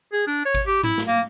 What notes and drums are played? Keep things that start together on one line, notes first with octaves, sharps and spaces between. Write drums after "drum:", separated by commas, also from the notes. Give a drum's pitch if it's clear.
G#4
D4
C#5
drum: kick G#1, cymbal
G4
E4, drum: tom G#2
drum: snare
A#3